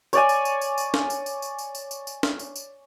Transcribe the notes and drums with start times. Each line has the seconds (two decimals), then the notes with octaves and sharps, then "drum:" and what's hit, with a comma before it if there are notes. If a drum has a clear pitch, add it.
0.13 C#5 D5 G#5, drum: tambourine
0.29 drum: tambourine
0.45 drum: tambourine
0.61 drum: tambourine
0.78 drum: tambourine
0.94 drum: snare
1.10 drum: tambourine
1.26 drum: tambourine
1.42 drum: tambourine
1.59 drum: tambourine
1.75 drum: tambourine
1.91 drum: tambourine
2.07 drum: tambourine
2.23 drum: snare
2.39 drum: tambourine
2.56 drum: tambourine